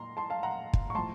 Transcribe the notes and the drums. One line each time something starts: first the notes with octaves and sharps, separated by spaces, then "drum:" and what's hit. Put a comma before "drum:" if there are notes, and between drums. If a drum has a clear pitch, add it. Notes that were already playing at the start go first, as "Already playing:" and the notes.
Already playing: A#2 A#5 C6
A5 C6
F5 A5
F#5 A#5
drum: kick
C#6
A2 F3 A5 C6